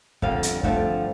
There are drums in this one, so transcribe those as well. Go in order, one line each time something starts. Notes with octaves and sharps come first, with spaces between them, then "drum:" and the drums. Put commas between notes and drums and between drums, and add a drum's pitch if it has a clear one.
F2 D3 G3 F5, drum: kick
drum: hi-hat
G2 D3 F3 A3 C4, drum: kick